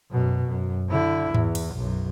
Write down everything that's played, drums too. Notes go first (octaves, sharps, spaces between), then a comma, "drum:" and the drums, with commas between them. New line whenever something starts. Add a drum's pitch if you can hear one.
F#2 B2
F#2
D3 E4
E2, drum: tom G#2
drum: cymbal
B1 F#2